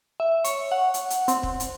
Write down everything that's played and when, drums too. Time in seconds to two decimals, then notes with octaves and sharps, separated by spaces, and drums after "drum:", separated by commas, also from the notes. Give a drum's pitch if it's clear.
0.20 E5
0.44 C#5, drum: hi-hat
0.72 F#5
0.94 drum: hi-hat
1.10 drum: hi-hat
1.28 C4, drum: hi-hat
1.43 drum: kick
1.60 drum: hi-hat